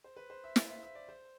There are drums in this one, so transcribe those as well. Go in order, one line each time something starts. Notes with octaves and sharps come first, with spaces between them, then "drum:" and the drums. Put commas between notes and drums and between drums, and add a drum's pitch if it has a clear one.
C5
B4
C5
E5
F5, drum: snare
E5
E5
D5
C5